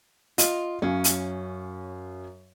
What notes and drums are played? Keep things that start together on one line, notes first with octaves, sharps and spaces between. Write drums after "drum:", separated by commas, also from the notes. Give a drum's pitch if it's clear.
F4 D#5, drum: hi-hat
F#2 C#4 F5
drum: hi-hat